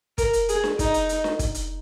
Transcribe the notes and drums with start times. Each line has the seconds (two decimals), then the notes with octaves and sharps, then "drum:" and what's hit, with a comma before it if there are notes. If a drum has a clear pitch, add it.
0.18 A#4, drum: kick, hi-hat
0.33 drum: hi-hat
0.49 G#4, drum: hi-hat
0.64 drum: snare D4
0.79 D#4, drum: kick, hi-hat
0.94 drum: hi-hat
1.09 drum: hi-hat
1.24 drum: snare D4
1.39 drum: kick, hi-hat
1.54 drum: hi-hat